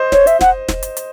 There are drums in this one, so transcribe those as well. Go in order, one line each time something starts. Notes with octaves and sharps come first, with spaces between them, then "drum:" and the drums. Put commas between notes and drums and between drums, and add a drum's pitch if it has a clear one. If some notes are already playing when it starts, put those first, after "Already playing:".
Already playing: C5 D#5
C#5, drum: snare
E5, drum: hi-hat
F#5, drum: snare
drum: snare
drum: hi-hat
drum: hi-hat